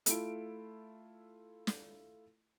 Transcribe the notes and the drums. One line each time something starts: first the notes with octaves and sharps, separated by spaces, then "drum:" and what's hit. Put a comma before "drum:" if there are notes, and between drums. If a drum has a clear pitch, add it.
A3 E4 F4 D7, drum: hi-hat
drum: snare